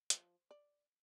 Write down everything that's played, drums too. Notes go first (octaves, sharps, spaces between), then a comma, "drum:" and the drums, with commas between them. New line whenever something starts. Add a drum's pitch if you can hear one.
F3, drum: hi-hat
D5